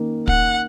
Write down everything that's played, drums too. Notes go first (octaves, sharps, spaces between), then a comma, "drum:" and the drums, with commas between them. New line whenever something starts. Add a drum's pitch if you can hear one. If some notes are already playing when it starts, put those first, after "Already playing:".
Already playing: D#3 A#3 C#4
F#5, drum: kick